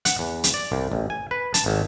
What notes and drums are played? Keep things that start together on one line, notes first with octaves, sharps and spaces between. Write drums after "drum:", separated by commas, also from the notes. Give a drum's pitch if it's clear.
F#5, drum: hi-hat
E2
drum: hi-hat
D5
C2
A1
G#5
B4
A5, drum: hi-hat
G#1